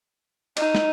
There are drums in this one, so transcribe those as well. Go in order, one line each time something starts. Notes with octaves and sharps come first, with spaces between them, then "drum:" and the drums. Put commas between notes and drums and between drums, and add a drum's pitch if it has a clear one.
D#4, drum: cymbal
drum: snare